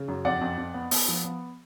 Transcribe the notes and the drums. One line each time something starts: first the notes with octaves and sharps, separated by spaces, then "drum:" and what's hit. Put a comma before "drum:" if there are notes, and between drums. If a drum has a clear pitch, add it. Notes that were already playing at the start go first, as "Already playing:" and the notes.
Already playing: C#3
F#2
F2 D5 F#5
F2
F2
B3
B3, drum: open hi-hat
F3
B3